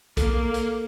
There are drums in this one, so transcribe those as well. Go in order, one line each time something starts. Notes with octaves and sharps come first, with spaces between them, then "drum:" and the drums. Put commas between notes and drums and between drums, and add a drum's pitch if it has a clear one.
A#3 A4, drum: kick B1, hi-hat
drum: hi-hat